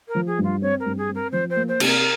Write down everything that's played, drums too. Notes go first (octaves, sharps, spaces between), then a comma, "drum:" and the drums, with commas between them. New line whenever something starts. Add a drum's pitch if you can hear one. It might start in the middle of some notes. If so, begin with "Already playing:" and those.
A#4
F3
G#4
G2
F4
C4 C#5
A#4
G2
G#4
C4
A#4
F3 C5
C5
A#3
C5
C3, drum: cymbal
A#4